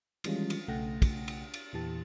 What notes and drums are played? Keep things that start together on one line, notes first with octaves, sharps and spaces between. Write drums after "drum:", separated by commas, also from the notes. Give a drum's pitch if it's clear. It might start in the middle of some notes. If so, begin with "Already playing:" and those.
D#3 E3 G3 G#3 C#4 F4, drum: cymbal
drum: cymbal
B1 C#3 A3 F#5 G5 A#6
drum: kick, cymbal
drum: cymbal
drum: cymbal
E2 A#2 E3 G4 A5 A6